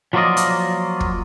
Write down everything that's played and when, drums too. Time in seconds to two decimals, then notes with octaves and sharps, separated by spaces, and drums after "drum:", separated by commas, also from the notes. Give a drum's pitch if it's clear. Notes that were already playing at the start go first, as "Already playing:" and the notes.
0.13 F3 F#3 A#3 F4 D5 D#5
0.37 drum: hi-hat
1.00 drum: kick